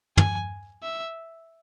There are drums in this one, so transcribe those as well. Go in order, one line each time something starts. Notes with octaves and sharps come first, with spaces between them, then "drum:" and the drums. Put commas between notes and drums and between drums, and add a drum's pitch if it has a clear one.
G#5, drum: tom
E5